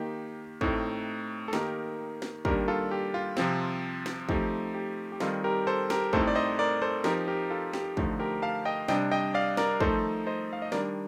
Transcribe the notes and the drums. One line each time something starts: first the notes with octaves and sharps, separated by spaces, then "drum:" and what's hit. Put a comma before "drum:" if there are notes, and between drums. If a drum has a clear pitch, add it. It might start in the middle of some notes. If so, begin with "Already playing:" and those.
Already playing: D#3 A#3 D#4 G4
A2 A3 C4 D#4, drum: kick
A4
D#3 A#3 D#4 G4 A#4, drum: snare
drum: snare
D#3 G3 A#3 D4 G4 A#4, drum: kick
F4 A4
G4
F4
C3 F3 C4, drum: snare
drum: snare
F3 A3 C4 D#4 G4, drum: kick
G4
G4
D#3 G3 C4 D#4 F4 A4, drum: snare
G4 A#4
A4 C5
G4 A#4, drum: snare
A2 A3 C4 D#4 A4 C5, drum: kick
D5
C5 D#5
A#4 D5
A4 C5
F3 C4 D#4 G4 A#4, drum: snare
G4 A#4
F4 A4
G4, drum: snare
D3 F3 A3 D#4, drum: kick
G4 A#4
F5 A5
D#5 G5
C3 G3 D4 D#5 G5, drum: snare
D#5 G5
D5 F5
A#4 D5, drum: snare
F3 A3 D#4 A4 C5, drum: kick
C5 D#5
F5
D#5
D#3 G3 D4 A#4 D5, drum: snare